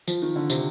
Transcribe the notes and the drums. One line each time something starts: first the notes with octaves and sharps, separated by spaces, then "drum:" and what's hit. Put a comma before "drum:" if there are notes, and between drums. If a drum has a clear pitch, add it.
F3, drum: tambourine
D#3
D3
C3, drum: tambourine